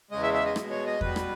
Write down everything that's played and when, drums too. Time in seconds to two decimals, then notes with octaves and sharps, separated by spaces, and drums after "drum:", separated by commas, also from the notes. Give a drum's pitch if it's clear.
0.11 E2 C#3 G#3 D#5
0.23 E5
0.34 E5
0.45 D#5
0.56 B2 G#3, drum: rim click
0.70 C#5
0.86 D#5
1.01 B2 G3 B4, drum: kick E2
1.16 drum: rim click